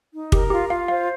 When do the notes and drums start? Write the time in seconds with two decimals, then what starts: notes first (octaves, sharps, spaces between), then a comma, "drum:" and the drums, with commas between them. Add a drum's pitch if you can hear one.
0.13 D#4
0.32 G4 A#4, drum: kick
0.50 F4 G4
0.70 F4 F5
0.88 C5 F5